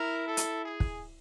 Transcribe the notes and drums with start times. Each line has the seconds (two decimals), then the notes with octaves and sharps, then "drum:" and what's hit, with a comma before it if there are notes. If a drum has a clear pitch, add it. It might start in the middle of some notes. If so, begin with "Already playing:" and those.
Already playing: E4 A#4
0.28 A4
0.37 drum: hi-hat
0.65 G#4
0.80 drum: kick